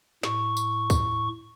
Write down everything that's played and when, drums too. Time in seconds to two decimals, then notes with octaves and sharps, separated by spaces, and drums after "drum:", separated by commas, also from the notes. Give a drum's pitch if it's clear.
0.23 A2 C#6, drum: snare
0.57 drum: tambourine
0.90 drum: kick, tambourine